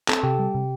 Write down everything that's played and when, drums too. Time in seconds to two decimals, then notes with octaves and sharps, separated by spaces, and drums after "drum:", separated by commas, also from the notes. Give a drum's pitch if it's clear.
0.08 C4 A4 A5, drum: clap
0.23 C3 G4 G5
0.39 G3
0.55 C3